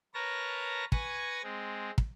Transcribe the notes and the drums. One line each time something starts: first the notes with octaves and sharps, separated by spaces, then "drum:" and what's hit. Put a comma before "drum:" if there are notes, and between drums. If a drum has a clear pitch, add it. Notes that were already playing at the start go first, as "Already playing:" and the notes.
A#4 B4 C#5 A5 A#5 A#6
B4 G#5 C#6 G#6 A#6, drum: kick
G#3 C4
drum: kick